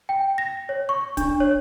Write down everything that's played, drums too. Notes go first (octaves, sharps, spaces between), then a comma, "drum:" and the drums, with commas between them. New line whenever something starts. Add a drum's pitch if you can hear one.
G5
A#6
C#5
C#6
D4, drum: kick, hi-hat
C#5